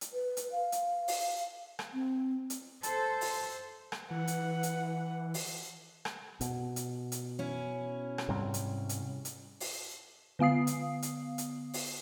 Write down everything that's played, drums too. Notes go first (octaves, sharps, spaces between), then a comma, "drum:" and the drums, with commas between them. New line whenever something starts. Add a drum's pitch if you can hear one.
drum: hi-hat
B4
drum: hi-hat
F5
drum: hi-hat
drum: open hi-hat
drum: rim click
C4
drum: hi-hat
A4 C5 A5, drum: hi-hat
drum: open hi-hat
drum: rim click
E3 B4 F#5
drum: hi-hat
drum: hi-hat
drum: open hi-hat
drum: rim click
B2, drum: hi-hat
drum: hi-hat
drum: hi-hat
C#4 E4
drum: rim click
G#2 C3 G3
drum: hi-hat
drum: hi-hat
drum: hi-hat
drum: open hi-hat
D3 B3 F5 D#6 C7
drum: hi-hat
drum: hi-hat
drum: hi-hat
drum: open hi-hat